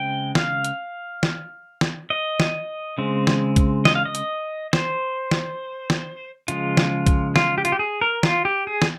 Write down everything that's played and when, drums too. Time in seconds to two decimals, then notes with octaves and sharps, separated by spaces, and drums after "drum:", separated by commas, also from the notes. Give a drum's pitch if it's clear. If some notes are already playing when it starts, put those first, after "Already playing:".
Already playing: C#3 G#3 C4 G5
0.35 F5, drum: snare
0.64 drum: hi-hat
1.23 drum: snare
1.81 drum: snare
2.10 D#5
2.40 drum: snare
2.98 C#3 G#3 C4
3.27 drum: snare
3.56 drum: kick A#1, hi-hat
3.85 D#5, drum: snare
3.95 F5
4.05 D#5
4.15 drum: hi-hat
4.73 C5, drum: snare
5.31 drum: snare
5.90 drum: snare
6.48 C#3 F3 G#3 F4, drum: hi-hat
6.77 drum: snare
7.07 drum: kick A#1, hi-hat
7.36 F4, drum: snare
7.58 G4
7.65 F4, drum: hi-hat
7.72 G4
7.79 G#4
8.01 A#4
8.23 F4, drum: snare
8.45 G4
8.67 G#4
8.82 drum: snare